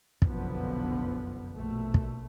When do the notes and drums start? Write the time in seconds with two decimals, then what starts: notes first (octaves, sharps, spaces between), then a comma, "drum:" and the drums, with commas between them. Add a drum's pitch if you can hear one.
0.22 F1 B1 F#2 D3 F3 B3, drum: kick
1.55 A#1 B2 A3
1.94 drum: kick